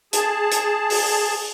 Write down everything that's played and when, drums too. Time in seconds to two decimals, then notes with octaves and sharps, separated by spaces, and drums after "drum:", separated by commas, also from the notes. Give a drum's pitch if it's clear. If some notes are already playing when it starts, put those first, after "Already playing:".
0.13 G#4 A5, drum: hi-hat
0.52 drum: hi-hat
0.90 drum: open hi-hat